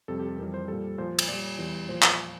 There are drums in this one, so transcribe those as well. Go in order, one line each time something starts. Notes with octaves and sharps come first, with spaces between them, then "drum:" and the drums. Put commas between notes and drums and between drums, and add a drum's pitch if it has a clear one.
F2 C3 G3 A4
G4
A4
F2 E3 G3 A#4
C5
A#2 G3 A4
A#2 F3 C5
drum: cymbal
A#2 G3 D5
E2 E3 G3
A#2 F3 C5
drum: clap